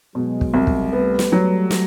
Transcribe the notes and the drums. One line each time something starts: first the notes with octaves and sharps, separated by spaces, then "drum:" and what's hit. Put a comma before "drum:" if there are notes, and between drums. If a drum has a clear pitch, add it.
B2 F#3 G#3
drum: kick
C2
drum: kick
G3 A3 B3
drum: snare
F#3
drum: snare